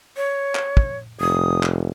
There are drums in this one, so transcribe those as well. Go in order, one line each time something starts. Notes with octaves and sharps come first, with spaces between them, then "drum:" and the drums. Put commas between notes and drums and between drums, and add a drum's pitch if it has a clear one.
C#5
drum: clap
drum: kick
F1 D#6
drum: clap